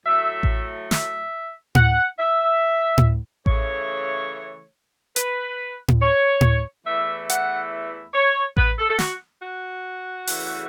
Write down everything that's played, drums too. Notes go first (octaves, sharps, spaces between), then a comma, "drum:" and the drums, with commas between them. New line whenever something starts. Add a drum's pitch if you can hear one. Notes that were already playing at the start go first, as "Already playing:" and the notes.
A2 F#3 A3 E5
drum: kick A1
E5, drum: snare
F#5, drum: tom A2
E5
drum: tom A2
C#3 E3 A3 C#5, drum: kick A1
B4, drum: hi-hat
drum: tom A2
C#5
drum: tom A2
E2 E3 A3 E4 E5
F#5, drum: hi-hat
C#5
B4, drum: kick A1
A4
A4
F#4, drum: snare
F#4
E2 C#3 E3 A3, drum: open hi-hat